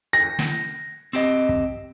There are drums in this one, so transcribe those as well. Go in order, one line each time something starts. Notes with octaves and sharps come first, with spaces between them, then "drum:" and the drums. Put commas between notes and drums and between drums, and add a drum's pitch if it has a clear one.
A#6
drum: snare
C4 G4 D#5
drum: kick